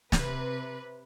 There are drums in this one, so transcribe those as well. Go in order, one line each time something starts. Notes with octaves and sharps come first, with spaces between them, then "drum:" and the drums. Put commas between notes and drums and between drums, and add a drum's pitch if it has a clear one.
C3 B4, drum: snare